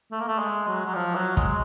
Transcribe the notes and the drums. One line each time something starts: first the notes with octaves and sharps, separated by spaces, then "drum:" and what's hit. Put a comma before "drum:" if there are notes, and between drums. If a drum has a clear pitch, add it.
A3
A#3
A3
G#3
F#3
F#3
F3
F#3
G#3, drum: kick